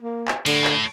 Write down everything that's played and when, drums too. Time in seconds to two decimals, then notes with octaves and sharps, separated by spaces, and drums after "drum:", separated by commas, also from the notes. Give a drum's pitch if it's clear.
0.01 A#3
0.28 drum: clap
0.46 A2 D3, drum: cymbal
0.65 drum: clap